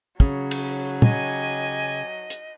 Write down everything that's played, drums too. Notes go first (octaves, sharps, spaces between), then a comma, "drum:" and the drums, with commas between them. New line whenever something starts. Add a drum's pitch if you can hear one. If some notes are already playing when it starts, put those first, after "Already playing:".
C#3 F#3, drum: kick
drum: cymbal
G4 D#5 G#5, drum: tom
drum: hi-hat